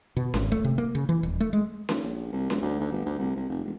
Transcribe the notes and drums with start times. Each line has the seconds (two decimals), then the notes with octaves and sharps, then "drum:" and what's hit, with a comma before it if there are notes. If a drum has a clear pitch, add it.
0.17 B2
0.34 G#1, drum: snare C#4
0.52 A3, drum: kick
0.64 C3
0.78 A#3
0.95 C#3
1.09 E3
1.23 D#1
1.40 A3
1.53 G#3
1.89 D#2, drum: snare C#4
2.02 A#1
2.32 C2
2.50 E1, drum: snare C#4
2.61 D2
2.80 D2
2.92 G1
3.05 D2
3.19 C2
3.36 C2
3.49 F1
3.65 E1